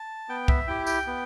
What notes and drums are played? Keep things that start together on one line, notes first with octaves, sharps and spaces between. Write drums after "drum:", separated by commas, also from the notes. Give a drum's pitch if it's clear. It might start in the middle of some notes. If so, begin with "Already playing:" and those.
Already playing: A5
B3 G5
E5, drum: kick
E4 G4 G5
G5, drum: tambourine
B3